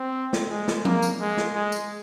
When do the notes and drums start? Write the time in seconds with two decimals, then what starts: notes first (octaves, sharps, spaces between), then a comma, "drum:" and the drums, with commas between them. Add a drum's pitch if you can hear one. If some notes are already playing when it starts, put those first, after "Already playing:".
Already playing: C4
0.33 drum: snare
0.50 G#3
0.68 drum: snare
0.85 A#3, drum: tom F3
1.02 drum: tambourine
1.20 G#3
1.37 drum: snare
1.54 G#3
1.72 drum: tambourine